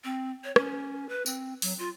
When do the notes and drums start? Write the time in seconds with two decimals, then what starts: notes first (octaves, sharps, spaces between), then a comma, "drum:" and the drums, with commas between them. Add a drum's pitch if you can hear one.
0.04 C4
0.44 C#5
0.56 C#4, drum: rim click
1.09 B4
1.26 C4, drum: tambourine
1.62 F#3, drum: open hi-hat
1.79 F4